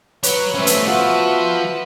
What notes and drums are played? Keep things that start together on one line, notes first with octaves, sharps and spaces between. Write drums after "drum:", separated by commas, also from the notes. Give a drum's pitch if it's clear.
F#3 B4 C#5, drum: hi-hat
A3 B3 C#4 B4 C5 E5
drum: hi-hat
F3 F#4 B4 F#5